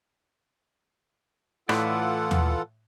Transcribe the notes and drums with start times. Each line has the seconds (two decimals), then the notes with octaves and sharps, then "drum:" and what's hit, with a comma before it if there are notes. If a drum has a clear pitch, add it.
1.69 A2 E3 F4 A4 B4 D5 F#5, drum: rim click
2.31 drum: tom D#2